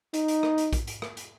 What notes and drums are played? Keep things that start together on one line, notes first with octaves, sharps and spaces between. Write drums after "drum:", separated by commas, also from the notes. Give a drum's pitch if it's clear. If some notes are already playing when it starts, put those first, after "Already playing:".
D#4, drum: hi-hat
drum: hi-hat
drum: rim click
drum: hi-hat
drum: kick A#1, hi-hat
drum: hi-hat
drum: rim click
drum: hi-hat